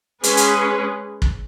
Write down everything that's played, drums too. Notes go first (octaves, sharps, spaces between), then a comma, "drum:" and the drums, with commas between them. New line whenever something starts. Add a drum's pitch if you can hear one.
G#3 C#4 G#4 B4, drum: hi-hat
drum: hi-hat
drum: kick